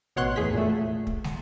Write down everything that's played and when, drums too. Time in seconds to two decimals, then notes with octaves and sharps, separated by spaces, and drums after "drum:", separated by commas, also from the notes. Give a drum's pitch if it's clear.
0.16 A1 B2 C#5 F#5 C6 F#6
0.36 E2 A2 G#4 B6
0.54 A#2 A3
1.07 drum: kick
1.24 drum: snare